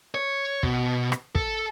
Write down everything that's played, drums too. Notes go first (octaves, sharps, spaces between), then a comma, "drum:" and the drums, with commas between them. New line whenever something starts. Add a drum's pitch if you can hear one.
C#5
B2, drum: kick
drum: rim click
A4, drum: kick